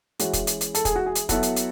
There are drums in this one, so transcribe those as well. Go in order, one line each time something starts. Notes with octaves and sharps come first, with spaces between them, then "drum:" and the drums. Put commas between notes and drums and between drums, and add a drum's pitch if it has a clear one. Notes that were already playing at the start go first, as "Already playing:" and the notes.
E3 G#3 C#4 E4 F#4, drum: hi-hat
drum: kick, hi-hat
drum: hi-hat
drum: hi-hat
A4, drum: hi-hat
G#4, drum: kick, hi-hat
F#4
G#4
drum: hi-hat
F#3 B3 E4 F#4 A4, drum: kick, hi-hat
drum: hi-hat
drum: hi-hat